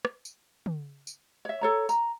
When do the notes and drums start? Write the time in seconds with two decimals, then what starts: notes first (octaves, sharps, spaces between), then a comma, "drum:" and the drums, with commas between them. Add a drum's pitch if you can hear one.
0.05 drum: rim click
0.25 drum: tambourine
0.66 drum: tom
1.07 drum: tambourine
1.45 C#5 E5
1.61 A4 C#5 A#5
1.89 A#5, drum: tambourine